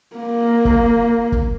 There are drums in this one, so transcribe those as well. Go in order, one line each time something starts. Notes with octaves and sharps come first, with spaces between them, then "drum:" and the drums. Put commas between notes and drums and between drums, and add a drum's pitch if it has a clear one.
A#3
drum: kick
drum: kick